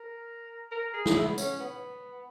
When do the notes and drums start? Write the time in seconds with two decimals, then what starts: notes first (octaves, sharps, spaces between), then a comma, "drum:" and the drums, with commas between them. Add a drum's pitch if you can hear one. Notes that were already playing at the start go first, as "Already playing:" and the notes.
Already playing: A#4
0.72 A#4
0.94 G#4
1.06 drum: snare
1.16 E4
1.29 B3
1.38 C#4, drum: tambourine
1.60 B3